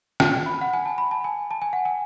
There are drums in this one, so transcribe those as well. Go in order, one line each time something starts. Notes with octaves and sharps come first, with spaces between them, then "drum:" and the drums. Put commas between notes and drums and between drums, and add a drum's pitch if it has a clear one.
A5, drum: rim click
B5
F#5
G#5
A5
B5
A5
G#5
A5
G#5
F#5
G#5